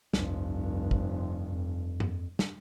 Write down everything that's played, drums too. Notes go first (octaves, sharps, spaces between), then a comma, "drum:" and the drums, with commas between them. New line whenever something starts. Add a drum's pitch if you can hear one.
F1 C2 G2, drum: snare
drum: kick
F2
drum: tom G2
drum: snare